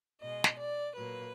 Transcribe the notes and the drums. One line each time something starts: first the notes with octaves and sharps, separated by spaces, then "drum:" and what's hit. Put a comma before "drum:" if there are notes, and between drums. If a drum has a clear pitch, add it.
B2 G#3 D#5
drum: snare
D5
A#2 F#3 A#3 B4